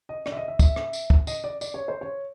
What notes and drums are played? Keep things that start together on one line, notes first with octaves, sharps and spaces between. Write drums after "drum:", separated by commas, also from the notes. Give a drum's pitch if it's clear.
D#5
D5, drum: rim click
E5
D#5
E5
E5, drum: kick, tambourine
drum: rim click
drum: tambourine
drum: kick
D#5, drum: tambourine
D5
D5, drum: tambourine
C#5
C5
C#5